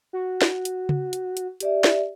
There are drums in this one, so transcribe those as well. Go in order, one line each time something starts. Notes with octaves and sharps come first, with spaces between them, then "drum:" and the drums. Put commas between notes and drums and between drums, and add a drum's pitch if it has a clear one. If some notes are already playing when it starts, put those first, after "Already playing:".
F#4
drum: snare
drum: hi-hat
drum: tom C#3
drum: hi-hat
drum: hi-hat
G4 D5 E5, drum: hi-hat
drum: snare